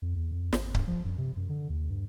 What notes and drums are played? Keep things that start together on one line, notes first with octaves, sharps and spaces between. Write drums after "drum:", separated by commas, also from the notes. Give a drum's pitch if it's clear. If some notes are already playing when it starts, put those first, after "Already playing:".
F2
E2
F2
G#1, drum: snare
G2, drum: kick C#1
F3
F#2
C3
F#2
D3
D#2
G2